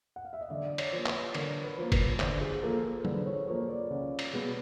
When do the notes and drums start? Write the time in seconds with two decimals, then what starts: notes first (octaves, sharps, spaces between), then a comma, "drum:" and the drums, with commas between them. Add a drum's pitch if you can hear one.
0.16 F#5
0.25 F5
0.33 E5
0.41 D#5
0.50 D3 D5
0.78 C#5, drum: cymbal
0.92 F3 A#3
1.06 B4, drum: clap
1.34 D3 A#4, drum: cymbal
1.64 B4
1.77 F3 A#3
1.92 B4, drum: kick F#1, cymbal
2.20 D3 C5, drum: clap
2.41 G#4
2.63 F3 A#3 A4
2.84 A4
2.98 C5
3.05 D3 B4, drum: tom F#3
3.26 C#5
3.48 F3 A#3 C#5
3.69 D5
3.90 C#2
4.19 drum: cymbal
4.33 B2 G#3 B3